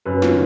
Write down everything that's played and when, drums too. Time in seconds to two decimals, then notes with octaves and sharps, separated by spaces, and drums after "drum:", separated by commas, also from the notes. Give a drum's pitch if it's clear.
0.05 F#2 B4
0.22 F4, drum: snare
0.31 D#3